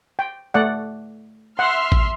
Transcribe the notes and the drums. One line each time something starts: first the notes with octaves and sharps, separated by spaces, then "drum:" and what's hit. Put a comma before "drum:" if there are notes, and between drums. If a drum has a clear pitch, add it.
G5
A3 D5 F#5
E5 F#5 C6 F6
drum: kick A1